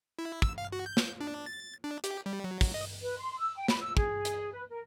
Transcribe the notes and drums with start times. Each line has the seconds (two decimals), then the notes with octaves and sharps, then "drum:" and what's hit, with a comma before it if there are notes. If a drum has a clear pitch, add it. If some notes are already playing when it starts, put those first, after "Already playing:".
0.19 E4
0.42 E6, drum: kick
0.58 F5
0.72 F#4
0.86 G6
0.97 drum: snare
1.20 D4
1.46 A6
1.84 D4
2.04 G4, drum: hi-hat
2.26 G3
2.44 F#3
2.61 drum: kick, open hi-hat
2.74 D#5
3.02 B4
3.19 C6
3.38 E6
3.56 G5
3.68 B5, drum: snare
3.81 E6
3.97 G#4, drum: kick
4.25 drum: hi-hat
4.53 B4
4.70 A#4